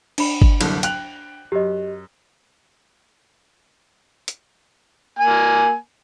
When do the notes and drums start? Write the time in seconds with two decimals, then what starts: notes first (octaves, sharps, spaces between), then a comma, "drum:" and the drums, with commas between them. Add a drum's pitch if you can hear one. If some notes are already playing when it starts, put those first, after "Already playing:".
0.18 D4 B5, drum: cymbal
0.42 drum: kick G1
0.61 F#1 C2 D3, drum: cymbal
0.83 G5 F#6 F7, drum: hi-hat
1.52 F#2 G4 D#5
4.28 drum: hi-hat
5.19 A#3 G#5